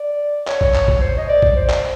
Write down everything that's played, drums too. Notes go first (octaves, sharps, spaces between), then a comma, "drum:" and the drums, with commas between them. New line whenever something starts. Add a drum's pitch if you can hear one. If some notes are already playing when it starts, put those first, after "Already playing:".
Already playing: D5
C#5, drum: clap
drum: kick A#1
drum: clap
drum: kick A#1
C5
D#5
D5
drum: kick A#1
C5
drum: clap